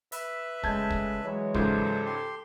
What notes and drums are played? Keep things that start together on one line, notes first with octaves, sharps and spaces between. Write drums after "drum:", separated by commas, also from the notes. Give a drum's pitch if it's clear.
B4 E5, drum: hi-hat
C#3 G#3 A3 A5 G6 G#6, drum: kick
drum: kick
E3 F#3 G#3 C#5
G#2 C#3 F4 A4 C5, drum: kick
G4 C6